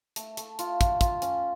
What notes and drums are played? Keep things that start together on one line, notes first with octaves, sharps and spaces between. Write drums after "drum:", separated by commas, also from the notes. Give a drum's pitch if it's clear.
A3, drum: hi-hat
A3, drum: hi-hat
F4, drum: hi-hat
F4, drum: kick, hi-hat
F4, drum: kick, hi-hat
C#4, drum: hi-hat